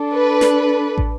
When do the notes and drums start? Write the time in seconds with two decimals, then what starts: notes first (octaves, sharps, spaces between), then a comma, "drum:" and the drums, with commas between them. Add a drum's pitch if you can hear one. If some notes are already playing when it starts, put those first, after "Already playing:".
Already playing: D4 A4
0.13 B4
0.41 drum: snare
0.98 drum: kick